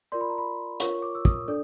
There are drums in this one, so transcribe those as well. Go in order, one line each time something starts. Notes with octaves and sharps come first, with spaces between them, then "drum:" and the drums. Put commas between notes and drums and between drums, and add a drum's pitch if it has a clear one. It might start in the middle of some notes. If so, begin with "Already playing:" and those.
F4 A#4 D5 C6
B5
A#5
B5
F4 A#4 C#5 C#6, drum: hi-hat
D6
E6
D#6, drum: kick
D4 A4 D5